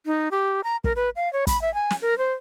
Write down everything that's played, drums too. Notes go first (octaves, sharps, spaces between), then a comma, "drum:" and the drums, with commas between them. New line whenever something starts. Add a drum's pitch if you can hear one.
D#4
G4
A#5
A#4, drum: kick
B4
F5
C#5
B5, drum: kick, hi-hat
E5
G#5
drum: snare
A#4
C5